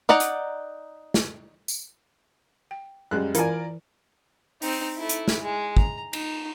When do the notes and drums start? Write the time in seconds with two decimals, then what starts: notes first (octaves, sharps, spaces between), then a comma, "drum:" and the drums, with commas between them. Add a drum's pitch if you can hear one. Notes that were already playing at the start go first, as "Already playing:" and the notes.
0.09 D#4 D5 F#5 A#5
0.20 drum: hi-hat
1.14 drum: snare
1.68 drum: tambourine
2.71 G5
3.11 F#2 G3 G#3 F#6
3.35 E3 E4 F4 A#4 D5 G#5, drum: hi-hat
4.62 C4 D#4, drum: open hi-hat
4.97 A3 E4
5.09 drum: hi-hat
5.28 drum: snare
5.42 G#3
5.77 A#5, drum: kick
6.13 D#4, drum: cymbal